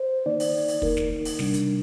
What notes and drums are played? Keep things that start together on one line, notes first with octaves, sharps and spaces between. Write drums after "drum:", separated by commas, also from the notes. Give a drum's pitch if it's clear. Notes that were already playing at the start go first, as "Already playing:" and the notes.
Already playing: C5
D#3 A#3 D#4 D5
drum: open hi-hat
drum: open hi-hat
D#3 A#3 D#4 A#4, drum: kick
drum: snare
drum: open hi-hat
C3 G3 D4, drum: snare
drum: hi-hat